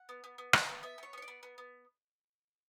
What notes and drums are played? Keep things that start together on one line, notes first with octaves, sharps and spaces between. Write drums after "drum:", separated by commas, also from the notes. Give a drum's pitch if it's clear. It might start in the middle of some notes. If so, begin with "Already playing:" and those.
Already playing: F#5
B3
B3
B3
B3, drum: rim click
B3
B3 E5
B3 C#5
B3 C#5
D5
B3
B3
B3